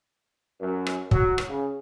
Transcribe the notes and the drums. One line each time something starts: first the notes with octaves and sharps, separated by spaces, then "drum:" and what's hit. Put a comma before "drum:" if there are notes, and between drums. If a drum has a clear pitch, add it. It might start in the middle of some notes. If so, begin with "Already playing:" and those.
F#2
drum: rim click
F#3, drum: kick
drum: rim click
C#3